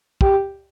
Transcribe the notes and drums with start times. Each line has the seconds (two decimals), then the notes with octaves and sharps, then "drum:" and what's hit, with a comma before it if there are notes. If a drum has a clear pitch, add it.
0.21 G4, drum: kick